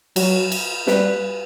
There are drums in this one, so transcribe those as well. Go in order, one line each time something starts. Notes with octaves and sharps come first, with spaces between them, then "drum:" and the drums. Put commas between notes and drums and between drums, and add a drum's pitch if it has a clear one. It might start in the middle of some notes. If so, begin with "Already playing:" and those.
F#3, drum: cymbal
drum: cymbal
G3 B4, drum: snare